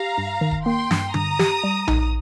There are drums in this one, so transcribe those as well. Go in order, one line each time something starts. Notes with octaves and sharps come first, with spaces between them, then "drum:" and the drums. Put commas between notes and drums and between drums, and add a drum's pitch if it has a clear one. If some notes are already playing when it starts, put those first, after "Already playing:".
Already playing: G4 F5 A#5
G2
D#3
drum: kick D#1
A#3 G5 C6
G2, drum: snare
G2 A#5 D#6, drum: tom D3
G4, drum: snare
G3
D#4, drum: tom A#1